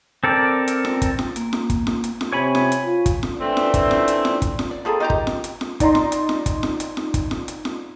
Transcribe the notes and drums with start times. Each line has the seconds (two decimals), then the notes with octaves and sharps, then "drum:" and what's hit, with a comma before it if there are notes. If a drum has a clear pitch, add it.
0.24 C4 A4 A#4 D5
0.68 drum: hi-hat
0.85 drum: snare F4
1.02 drum: kick, hi-hat
1.19 drum: snare F4
1.36 A#3, drum: hi-hat
1.53 drum: snare F4
1.70 drum: kick, hi-hat
1.87 drum: snare F4
2.04 drum: hi-hat
2.21 drum: snare F4
2.33 C3 C#5 G#5 B5
2.55 drum: snare F4
2.72 drum: hi-hat
2.85 F4
3.06 drum: kick, hi-hat
3.23 drum: snare F4
3.40 E3 A3 C4 D4
3.57 drum: snare F4
3.74 drum: kick, hi-hat
3.91 drum: snare F4
4.08 drum: hi-hat
4.25 drum: snare F4
4.42 drum: kick, hi-hat
4.59 drum: snare F4
4.71 D5
4.85 F3 G3 A#3 F4 G#4 A4
5.00 D#3 F4 G4 D#5 A#5
5.10 drum: kick
5.27 drum: snare F4
5.44 drum: hi-hat
5.61 drum: snare F4
5.80 D#4 D5 D#5 A#5 C6, drum: kick, hi-hat
5.95 drum: snare F4
6.12 drum: hi-hat
6.29 drum: snare F4
6.46 drum: kick, hi-hat
6.63 drum: snare F4
6.80 drum: hi-hat
6.97 drum: snare F4
7.14 drum: kick, hi-hat
7.31 drum: snare F4
7.48 drum: hi-hat
7.65 drum: snare F4